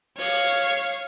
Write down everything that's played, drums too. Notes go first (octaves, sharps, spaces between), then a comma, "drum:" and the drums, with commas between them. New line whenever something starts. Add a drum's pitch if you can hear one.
C#5 F5, drum: open hi-hat
drum: hi-hat
drum: hi-hat